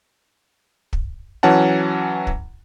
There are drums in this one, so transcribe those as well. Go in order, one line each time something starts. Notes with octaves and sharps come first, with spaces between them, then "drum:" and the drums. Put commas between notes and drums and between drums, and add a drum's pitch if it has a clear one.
drum: kick
E3 F#3 C#4 F#5 A5
drum: kick